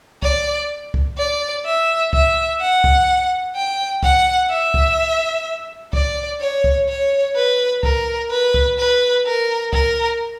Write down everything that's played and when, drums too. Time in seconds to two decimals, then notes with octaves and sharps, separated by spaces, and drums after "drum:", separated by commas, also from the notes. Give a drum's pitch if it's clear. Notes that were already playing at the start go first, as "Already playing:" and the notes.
0.22 D5, drum: kick C2
0.94 drum: kick C2
1.18 D5
1.65 E5
2.13 E5, drum: kick C2
2.60 F#5
2.84 drum: kick C2
3.55 G5
4.03 F#5, drum: kick C2
4.50 E5
4.74 drum: kick C2
5.93 D5, drum: kick C2
6.40 C#5
6.64 drum: kick C2
6.88 C#5
7.35 B4
7.83 A#4, drum: kick C2
8.30 B4
8.54 drum: kick C2
8.78 B4
9.26 A#4
9.73 A#4, drum: kick C2